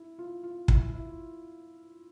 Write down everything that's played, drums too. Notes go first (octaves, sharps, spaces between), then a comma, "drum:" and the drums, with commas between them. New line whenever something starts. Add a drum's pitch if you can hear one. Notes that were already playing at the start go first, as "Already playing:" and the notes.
Already playing: E4
F4
F4
E4, drum: kick
E4